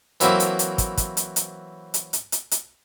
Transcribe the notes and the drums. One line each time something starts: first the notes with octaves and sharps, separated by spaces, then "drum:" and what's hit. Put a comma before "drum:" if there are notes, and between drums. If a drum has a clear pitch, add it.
E3 F#3 A#3 C4 E4, drum: hi-hat
drum: hi-hat
drum: hi-hat
drum: kick, hi-hat
drum: kick, hi-hat
drum: hi-hat
drum: hi-hat
drum: hi-hat
drum: hi-hat
drum: hi-hat
drum: hi-hat